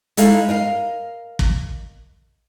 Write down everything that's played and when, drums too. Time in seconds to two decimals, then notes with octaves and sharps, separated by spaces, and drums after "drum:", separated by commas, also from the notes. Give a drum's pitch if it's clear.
0.17 G#3 D#4 E4 A4 E5 F5, drum: hi-hat
0.49 A#4 D#5 F5
1.39 drum: kick